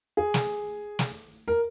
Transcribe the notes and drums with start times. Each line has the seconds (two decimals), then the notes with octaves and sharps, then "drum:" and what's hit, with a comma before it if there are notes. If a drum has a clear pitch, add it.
0.17 G#4
0.34 drum: snare
0.99 drum: snare
1.48 A#4